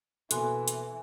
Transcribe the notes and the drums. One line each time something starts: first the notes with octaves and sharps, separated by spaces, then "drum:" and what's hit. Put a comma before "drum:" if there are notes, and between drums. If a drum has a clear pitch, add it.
B2 E3 A#3 A4 G#5 C6 F#6, drum: hi-hat
drum: hi-hat